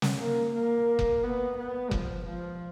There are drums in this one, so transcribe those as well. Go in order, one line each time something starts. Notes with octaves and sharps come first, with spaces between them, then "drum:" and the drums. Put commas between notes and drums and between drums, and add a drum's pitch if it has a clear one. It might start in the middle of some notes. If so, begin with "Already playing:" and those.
drum: snare
A#3
A#3
drum: kick F1
B3
B3
F3, drum: kick F1
F3